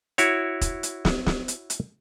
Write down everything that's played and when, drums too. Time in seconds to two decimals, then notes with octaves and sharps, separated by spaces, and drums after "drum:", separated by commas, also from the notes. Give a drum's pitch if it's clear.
0.18 E4 F#4 C#5, drum: hi-hat
0.61 drum: kick E1, hi-hat
0.83 drum: hi-hat
1.05 drum: snare
1.26 drum: snare
1.48 drum: hi-hat
1.70 drum: hi-hat